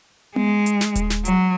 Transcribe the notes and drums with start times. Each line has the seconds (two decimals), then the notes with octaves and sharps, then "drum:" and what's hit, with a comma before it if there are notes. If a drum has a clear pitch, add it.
0.36 G#3, drum: tom B3
0.66 drum: hi-hat
0.81 drum: snare
0.95 drum: kick D#1, hi-hat
1.10 drum: snare
1.25 F#3, drum: hi-hat